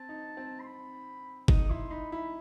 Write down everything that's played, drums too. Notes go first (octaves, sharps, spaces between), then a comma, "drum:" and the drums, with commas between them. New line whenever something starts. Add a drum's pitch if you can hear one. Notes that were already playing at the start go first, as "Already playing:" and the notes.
Already playing: C4 A5
D#4
C4
C6
B5
D#4 D#6, drum: kick G1
E4 C6
D#4 B5
E4 B5